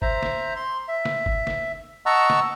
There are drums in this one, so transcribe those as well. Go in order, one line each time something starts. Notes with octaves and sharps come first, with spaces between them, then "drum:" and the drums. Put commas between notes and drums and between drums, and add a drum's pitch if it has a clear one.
C5 E5 A#5, drum: kick G1
drum: snare
C6
E5
drum: snare
drum: kick G1
drum: snare
D#5 F#5 A5 A#5 C#6 E6
drum: snare